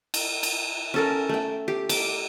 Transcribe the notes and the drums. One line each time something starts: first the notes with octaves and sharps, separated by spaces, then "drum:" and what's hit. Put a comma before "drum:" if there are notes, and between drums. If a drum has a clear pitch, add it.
drum: cymbal
drum: cymbal
C#4 A4 A#4
A3 G5
G4
D6, drum: cymbal